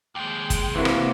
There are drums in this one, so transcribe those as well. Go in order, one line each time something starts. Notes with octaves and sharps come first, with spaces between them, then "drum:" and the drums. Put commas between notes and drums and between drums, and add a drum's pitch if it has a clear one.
D#2 G#3 G5
drum: kick, hi-hat
C3 E3 A#3 E4 F#4
drum: rim click